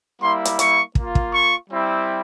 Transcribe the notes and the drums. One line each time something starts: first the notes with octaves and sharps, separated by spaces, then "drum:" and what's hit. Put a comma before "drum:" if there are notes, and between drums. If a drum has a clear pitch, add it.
G3 A#3 E4 C6
drum: hi-hat
C#6, drum: hi-hat
A#3 F4, drum: kick
drum: kick
C#6
G3 C4 E4